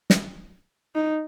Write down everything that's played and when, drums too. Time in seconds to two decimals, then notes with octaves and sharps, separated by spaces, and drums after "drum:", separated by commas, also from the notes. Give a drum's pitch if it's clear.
0.10 drum: snare
0.95 D#4